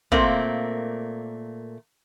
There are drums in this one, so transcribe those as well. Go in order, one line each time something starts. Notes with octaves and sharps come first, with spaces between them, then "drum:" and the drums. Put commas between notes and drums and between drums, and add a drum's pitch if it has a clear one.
A#2 A3 A#3 C4, drum: kick